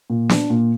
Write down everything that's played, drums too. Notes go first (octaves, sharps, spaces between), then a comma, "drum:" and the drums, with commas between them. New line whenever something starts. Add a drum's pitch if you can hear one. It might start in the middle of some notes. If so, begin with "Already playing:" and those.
A#2
D4, drum: snare
A#2